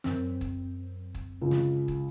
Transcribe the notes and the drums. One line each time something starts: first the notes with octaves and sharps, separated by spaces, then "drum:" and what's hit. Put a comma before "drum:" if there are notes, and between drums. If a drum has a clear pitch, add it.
F#2 C4, drum: snare
drum: kick
drum: kick
C#2
drum: snare
drum: kick